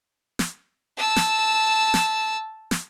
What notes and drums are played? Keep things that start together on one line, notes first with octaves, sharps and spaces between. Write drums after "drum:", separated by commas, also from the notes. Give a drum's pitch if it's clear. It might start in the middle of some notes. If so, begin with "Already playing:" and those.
drum: snare
A5 E6
drum: snare
drum: snare
drum: snare